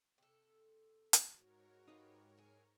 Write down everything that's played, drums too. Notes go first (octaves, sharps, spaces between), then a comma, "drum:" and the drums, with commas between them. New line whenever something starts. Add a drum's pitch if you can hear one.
C3 A4
drum: hi-hat
G#2 F#4 A#4 C#5
D#4 F4 G4 B4
F#3 G#4